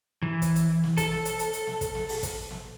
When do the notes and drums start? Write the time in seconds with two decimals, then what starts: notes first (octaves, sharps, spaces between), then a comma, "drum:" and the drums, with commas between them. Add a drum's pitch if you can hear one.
0.23 E3
0.42 drum: kick, hi-hat
0.56 drum: hi-hat
0.83 drum: snare
0.97 A4, drum: kick, hi-hat
1.11 drum: snare
1.25 drum: hi-hat
1.39 drum: hi-hat
1.53 drum: hi-hat
1.67 drum: snare
1.81 drum: kick, hi-hat
1.95 drum: snare
2.09 drum: open hi-hat
2.23 drum: kick, hi-hat
2.51 drum: snare